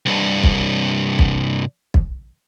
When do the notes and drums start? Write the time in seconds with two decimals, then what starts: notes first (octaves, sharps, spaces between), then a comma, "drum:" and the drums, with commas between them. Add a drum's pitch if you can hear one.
0.06 C2 G2
0.43 drum: kick
1.19 drum: kick
1.94 drum: kick